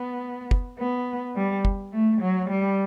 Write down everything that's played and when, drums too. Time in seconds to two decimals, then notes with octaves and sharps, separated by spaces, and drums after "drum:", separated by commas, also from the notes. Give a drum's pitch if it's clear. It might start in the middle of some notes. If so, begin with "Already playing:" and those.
Already playing: B3
0.51 drum: kick
0.79 B3
1.36 G3
1.65 drum: kick
1.93 A3
2.22 F#3
2.50 G3